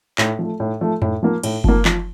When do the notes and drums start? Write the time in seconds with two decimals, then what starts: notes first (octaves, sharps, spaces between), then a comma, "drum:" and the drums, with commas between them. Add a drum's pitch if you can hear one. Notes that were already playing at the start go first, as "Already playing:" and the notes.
0.18 A2, drum: clap
0.39 F3 A3
0.60 A2
0.81 F3 A3
1.02 A2, drum: tom F2
1.23 F3 A#3
1.43 A2, drum: cymbal
1.64 F3 A#3, drum: kick F#1
1.85 F3, drum: clap